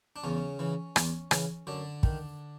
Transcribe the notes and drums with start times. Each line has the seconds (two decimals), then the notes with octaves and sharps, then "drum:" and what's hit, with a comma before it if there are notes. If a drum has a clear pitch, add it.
0.16 D4
0.24 E2 C#3 C#4
0.59 C#3 E3
0.96 E2, drum: rim click
1.31 C#3 E3, drum: rim click
1.67 F#2 D3 D4
2.03 D#3, drum: kick